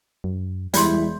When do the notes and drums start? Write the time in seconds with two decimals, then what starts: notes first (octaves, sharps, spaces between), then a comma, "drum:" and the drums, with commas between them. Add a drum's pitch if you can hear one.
0.24 F#2
0.74 E1 G3 E4 D5 B5 C6 G6, drum: hi-hat